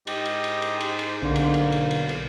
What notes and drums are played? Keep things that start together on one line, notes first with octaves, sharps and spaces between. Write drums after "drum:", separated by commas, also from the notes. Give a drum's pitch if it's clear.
G#2 G4 D#5, drum: cymbal
drum: cymbal
drum: cymbal
drum: cymbal
drum: cymbal
drum: cymbal
B1 D3 A#3
drum: cymbal
drum: cymbal
drum: cymbal
drum: cymbal
drum: cymbal